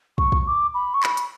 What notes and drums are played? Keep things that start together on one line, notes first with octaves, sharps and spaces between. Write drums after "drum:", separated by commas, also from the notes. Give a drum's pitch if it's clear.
C#6, drum: kick
drum: kick
D6
B5
C#6
B5, drum: clap
drum: hi-hat